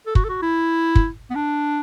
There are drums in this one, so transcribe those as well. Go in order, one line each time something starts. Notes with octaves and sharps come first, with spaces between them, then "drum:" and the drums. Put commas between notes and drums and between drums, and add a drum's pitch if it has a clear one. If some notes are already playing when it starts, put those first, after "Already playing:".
A4
F#4, drum: kick
A4
F#4
E4
drum: kick
B3
D4